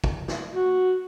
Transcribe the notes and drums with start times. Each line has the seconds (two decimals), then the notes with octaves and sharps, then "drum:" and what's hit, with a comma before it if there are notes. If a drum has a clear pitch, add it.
0.04 drum: kick
0.28 drum: snare
0.53 F#4